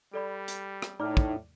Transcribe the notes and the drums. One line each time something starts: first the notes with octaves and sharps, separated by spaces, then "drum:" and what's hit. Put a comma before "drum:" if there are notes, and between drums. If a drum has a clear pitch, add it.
G3 A4 D5 B5
drum: hi-hat
drum: rim click
A2 D#4 D5 D6 F6
drum: kick